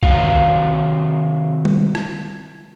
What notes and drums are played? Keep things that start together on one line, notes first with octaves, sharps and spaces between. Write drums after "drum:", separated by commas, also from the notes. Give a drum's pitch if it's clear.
C3 D#3 F#3 F#4 F5, drum: kick B1
drum: tom G3
drum: rim click